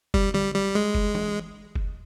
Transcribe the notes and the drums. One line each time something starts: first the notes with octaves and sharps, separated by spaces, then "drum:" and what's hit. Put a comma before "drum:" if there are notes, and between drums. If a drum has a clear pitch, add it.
G3, drum: kick F#1
G3, drum: tom D3
G3
G#3
drum: kick F#1
drum: tom E3
drum: kick F#1